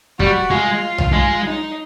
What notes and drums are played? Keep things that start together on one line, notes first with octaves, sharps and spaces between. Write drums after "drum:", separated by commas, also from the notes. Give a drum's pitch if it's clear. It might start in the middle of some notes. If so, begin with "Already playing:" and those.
G3 F#4, drum: kick
G#3 F4
drum: tom
G#3
D#4